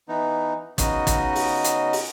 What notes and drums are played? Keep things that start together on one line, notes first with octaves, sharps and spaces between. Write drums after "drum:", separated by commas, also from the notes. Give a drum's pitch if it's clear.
E3 B3 D#4
C#3 B3 C#4 D#4 F#4 D#5, drum: kick, hi-hat
drum: kick, hi-hat
drum: open hi-hat
drum: hi-hat
drum: open hi-hat